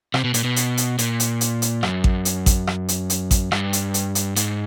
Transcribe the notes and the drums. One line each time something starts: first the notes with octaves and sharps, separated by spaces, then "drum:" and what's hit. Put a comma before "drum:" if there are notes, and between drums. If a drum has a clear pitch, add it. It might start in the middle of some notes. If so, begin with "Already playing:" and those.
C3, drum: rim click
B2
A#2, drum: hi-hat
B2
drum: hi-hat
drum: hi-hat
A#2, drum: hi-hat
drum: hi-hat
drum: hi-hat
drum: hi-hat
F#2, drum: rim click
drum: kick A1
drum: hi-hat
drum: kick A1, hi-hat
drum: rim click
drum: hi-hat
drum: hi-hat
drum: kick A1, hi-hat
G2, drum: rim click
drum: hi-hat
drum: hi-hat
drum: hi-hat
G#2, drum: hi-hat